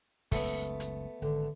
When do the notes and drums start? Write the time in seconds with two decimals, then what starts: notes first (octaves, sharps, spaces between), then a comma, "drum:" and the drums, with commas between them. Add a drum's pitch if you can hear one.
0.32 F#1 C#2 A3 B3, drum: kick, open hi-hat
0.80 drum: hi-hat
1.22 G#1 D3